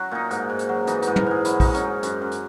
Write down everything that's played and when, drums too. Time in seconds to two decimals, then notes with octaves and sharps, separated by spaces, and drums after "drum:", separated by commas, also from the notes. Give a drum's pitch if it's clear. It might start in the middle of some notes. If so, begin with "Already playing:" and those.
Already playing: F#3 C#4 F#4
0.11 A#2 D#4
0.30 G#2, drum: hi-hat
0.50 G#2
0.59 drum: hi-hat
0.69 F#3
0.87 E3 D#4, drum: hi-hat
1.02 D#4, drum: hi-hat
1.07 G#2
1.16 A#4, drum: tom
1.26 G#2 G#4
1.45 F#3 E4, drum: hi-hat
1.60 G#2 D#4, drum: kick A#1, open hi-hat
1.74 C#4, drum: hi-hat
1.84 G#2
2.03 F#2, drum: hi-hat
2.22 F#2
2.31 drum: hi-hat